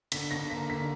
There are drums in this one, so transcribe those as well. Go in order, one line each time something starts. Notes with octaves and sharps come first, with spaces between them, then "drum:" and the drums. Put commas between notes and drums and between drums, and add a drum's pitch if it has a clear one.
D3 B6, drum: cymbal
D3 A#6
A#3 B6
D3 B6